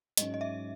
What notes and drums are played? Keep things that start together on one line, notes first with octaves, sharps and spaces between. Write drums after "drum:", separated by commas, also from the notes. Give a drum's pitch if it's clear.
G#2 F#3 C#4 D#5, drum: hi-hat
D#5
E5